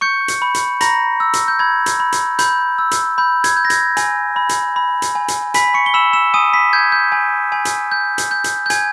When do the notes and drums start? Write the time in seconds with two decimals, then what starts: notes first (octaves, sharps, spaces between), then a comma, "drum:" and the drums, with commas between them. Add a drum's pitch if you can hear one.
0.01 C#6 G6 C#7
0.28 drum: hi-hat
0.42 B5
0.55 drum: hi-hat
0.81 A#5 B5 A#6, drum: hi-hat
1.20 E6
1.33 drum: hi-hat
1.48 G6
1.59 B5 G#6
1.86 drum: hi-hat
2.00 B5
2.12 drum: hi-hat
2.39 B5 G6, drum: hi-hat
2.78 E6
2.91 drum: hi-hat
3.18 B5 G6
3.44 G#6, drum: hi-hat
3.57 G6
3.65 A#6
3.70 G#6, drum: hi-hat
3.97 G#5, drum: hi-hat
4.36 B5
4.49 drum: hi-hat
4.76 B5
5.02 drum: hi-hat
5.15 G#5
5.28 drum: hi-hat
5.54 G#5 B5 B6, drum: hi-hat
5.74 C#6 C#7
5.86 G7
5.94 B5 E6 E7
6.13 E6 E7
6.34 G#5 D#6 D#7
6.53 B5 B6
6.73 G6 G#6
6.92 G6
7.12 G#5
7.52 G#5
7.65 drum: hi-hat
7.92 G6
8.18 drum: hi-hat
8.31 G6
8.44 drum: hi-hat
8.66 G6
8.70 G#5 G#6, drum: hi-hat